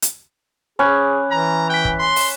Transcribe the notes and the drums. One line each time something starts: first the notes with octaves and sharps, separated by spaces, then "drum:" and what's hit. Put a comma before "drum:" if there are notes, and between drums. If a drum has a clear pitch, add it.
drum: hi-hat
C#4 G#4 B5 D6 F#6
E3 A#5
G5 F#6 B6
drum: kick
C6
drum: open hi-hat